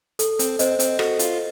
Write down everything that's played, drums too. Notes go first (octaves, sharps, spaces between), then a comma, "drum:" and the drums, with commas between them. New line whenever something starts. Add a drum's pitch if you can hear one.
A4, drum: hi-hat
C4, drum: hi-hat
C4 C5 D#5, drum: hi-hat
C4, drum: hi-hat
F#4 A4, drum: rim click
F4, drum: hi-hat